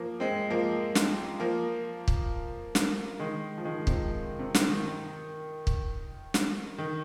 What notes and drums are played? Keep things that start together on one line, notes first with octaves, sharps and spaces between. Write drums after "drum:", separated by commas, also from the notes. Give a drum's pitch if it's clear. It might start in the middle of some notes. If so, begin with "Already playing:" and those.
Already playing: F3 A#3
G#3 C4
F3 A#3
drum: snare
F3 A#3
drum: kick
drum: snare
D#3 G#3
F3
D#3 G#3
C3 F3, drum: kick
C3
drum: snare
D#3
drum: kick
drum: snare
D#3